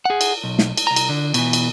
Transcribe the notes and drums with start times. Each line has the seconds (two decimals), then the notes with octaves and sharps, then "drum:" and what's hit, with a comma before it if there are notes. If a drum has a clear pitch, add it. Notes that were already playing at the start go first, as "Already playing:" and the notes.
0.05 G#4 F#5
0.21 drum: cymbal
0.44 B1
0.59 drum: snare
0.77 drum: cymbal
0.87 C2 A#5
0.96 drum: cymbal
1.09 D3
1.34 B2 E3, drum: cymbal
1.53 drum: cymbal